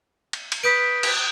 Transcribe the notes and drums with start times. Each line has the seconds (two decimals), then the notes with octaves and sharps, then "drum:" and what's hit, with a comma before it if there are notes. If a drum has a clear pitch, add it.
0.33 drum: cymbal
0.52 drum: cymbal
0.64 B4 D#6 G6 D7
1.03 drum: cymbal